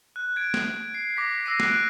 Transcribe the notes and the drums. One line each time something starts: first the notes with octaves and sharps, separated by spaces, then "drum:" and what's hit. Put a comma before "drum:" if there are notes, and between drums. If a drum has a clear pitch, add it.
F#6
G#6 D7
drum: snare
C7
D6 A#6 B6
E6 A#6 C7 D#7
F#6 D7, drum: snare